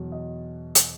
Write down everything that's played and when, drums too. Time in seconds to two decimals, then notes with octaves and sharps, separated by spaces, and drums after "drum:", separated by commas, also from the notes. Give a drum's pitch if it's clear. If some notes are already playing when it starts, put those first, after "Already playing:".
Already playing: E2 B2 F#3
0.12 D#5
0.75 drum: hi-hat